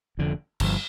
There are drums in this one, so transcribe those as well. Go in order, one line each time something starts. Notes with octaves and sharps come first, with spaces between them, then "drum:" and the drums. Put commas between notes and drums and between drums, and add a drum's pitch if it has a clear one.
F1 F2 D3
G1 G2 F3, drum: cymbal